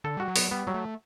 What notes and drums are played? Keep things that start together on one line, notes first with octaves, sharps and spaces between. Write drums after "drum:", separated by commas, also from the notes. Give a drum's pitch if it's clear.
D3 A4
G3 F#4
F#3
B3, drum: open hi-hat
G3 B3
F#3 G3
A3